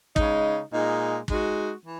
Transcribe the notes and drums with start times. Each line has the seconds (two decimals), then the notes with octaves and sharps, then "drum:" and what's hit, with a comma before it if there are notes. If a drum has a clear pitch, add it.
0.16 C#3 G#3 D#4, drum: kick
0.72 A#2 G#3 D#4
1.28 G#3 D#4 F#4, drum: kick
1.84 E3